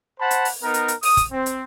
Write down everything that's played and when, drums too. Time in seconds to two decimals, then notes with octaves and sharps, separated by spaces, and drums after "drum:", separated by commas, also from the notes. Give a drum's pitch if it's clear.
0.20 C5 F#5 A5 B5
0.31 drum: hi-hat
0.45 drum: open hi-hat
0.63 B3 D#4 A#4
0.74 drum: hi-hat
0.88 drum: hi-hat
1.03 D#6, drum: open hi-hat
1.17 drum: kick, hi-hat
1.31 C4
1.46 drum: hi-hat